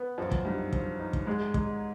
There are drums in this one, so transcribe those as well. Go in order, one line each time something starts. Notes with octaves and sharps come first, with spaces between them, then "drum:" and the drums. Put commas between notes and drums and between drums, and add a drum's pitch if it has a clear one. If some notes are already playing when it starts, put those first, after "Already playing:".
Already playing: B3
F#2 F3
drum: kick
G2 D#4
F3, drum: kick
D#4
drum: kick
G#2 G#3
G#3, drum: kick